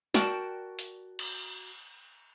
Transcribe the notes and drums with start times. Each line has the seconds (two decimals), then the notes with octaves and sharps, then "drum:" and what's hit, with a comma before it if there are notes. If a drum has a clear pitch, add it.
0.14 F#4 A#4 D5 G5 A5, drum: snare
0.79 drum: open hi-hat
1.19 drum: cymbal